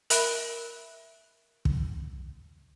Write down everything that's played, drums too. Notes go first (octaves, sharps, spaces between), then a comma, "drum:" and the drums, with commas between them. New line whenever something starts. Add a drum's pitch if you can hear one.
A#4 E5 B5 F#6 D7 E7, drum: hi-hat
drum: kick